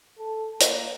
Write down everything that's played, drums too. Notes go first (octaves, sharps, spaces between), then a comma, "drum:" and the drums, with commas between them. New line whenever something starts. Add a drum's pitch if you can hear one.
A4
A#3, drum: hi-hat